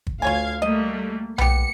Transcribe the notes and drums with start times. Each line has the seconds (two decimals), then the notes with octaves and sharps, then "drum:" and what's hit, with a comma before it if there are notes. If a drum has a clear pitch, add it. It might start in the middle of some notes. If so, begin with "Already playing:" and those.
0.07 drum: kick
0.22 D2 F4 C#5 F5 G#5 G#6
0.62 G3 A3 A#3 D#5
1.38 B3 G4 C#7, drum: tom B1